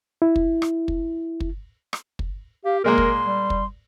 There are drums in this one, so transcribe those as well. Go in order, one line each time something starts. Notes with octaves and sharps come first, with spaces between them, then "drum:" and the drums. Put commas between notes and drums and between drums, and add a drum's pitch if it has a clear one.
E4
drum: kick
drum: rim click
drum: kick
drum: kick
drum: rim click
drum: kick
G4 F5
A#2 G#3 A#3 A#4 C6
drum: kick
G3
drum: kick